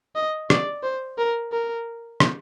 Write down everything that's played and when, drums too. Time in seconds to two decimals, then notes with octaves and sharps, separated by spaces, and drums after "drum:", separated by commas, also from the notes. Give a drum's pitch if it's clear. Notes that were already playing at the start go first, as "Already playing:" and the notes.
0.16 D#5
0.50 D5, drum: rim click
0.83 C5
1.18 A#4
1.52 A#4
2.20 drum: rim click